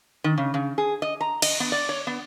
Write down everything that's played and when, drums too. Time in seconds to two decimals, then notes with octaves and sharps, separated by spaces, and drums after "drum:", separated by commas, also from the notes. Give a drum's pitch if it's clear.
0.24 D#3
0.38 C#3
0.54 C#3
0.78 G#4
1.02 D#5
1.21 A#5
1.42 D#5, drum: cymbal
1.60 B3
1.72 D5
1.89 C#5
2.07 B3